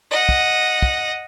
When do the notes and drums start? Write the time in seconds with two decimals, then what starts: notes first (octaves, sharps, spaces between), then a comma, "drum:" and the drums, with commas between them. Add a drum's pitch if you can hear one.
0.11 D#5 F#5
0.29 drum: kick
0.82 drum: kick